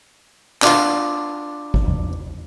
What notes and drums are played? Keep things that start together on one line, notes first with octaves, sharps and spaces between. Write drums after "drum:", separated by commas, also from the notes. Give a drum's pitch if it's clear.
D4 F4, drum: clap
drum: kick
drum: tom E2